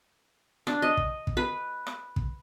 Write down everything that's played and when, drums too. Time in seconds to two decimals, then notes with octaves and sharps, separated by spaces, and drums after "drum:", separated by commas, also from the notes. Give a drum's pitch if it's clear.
0.67 D4, drum: rim click
0.82 D#5
0.97 drum: kick
1.27 drum: kick
1.37 B4
1.87 drum: rim click
2.16 drum: kick